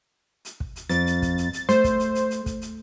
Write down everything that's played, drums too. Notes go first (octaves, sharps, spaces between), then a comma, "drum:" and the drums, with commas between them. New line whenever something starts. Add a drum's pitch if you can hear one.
drum: hi-hat
drum: kick
drum: hi-hat
F2 A6, drum: hi-hat
drum: hi-hat
drum: kick, hi-hat
drum: hi-hat
drum: hi-hat
A3 C5, drum: hi-hat
drum: kick, hi-hat
drum: hi-hat
drum: hi-hat
drum: hi-hat
drum: kick, hi-hat
drum: hi-hat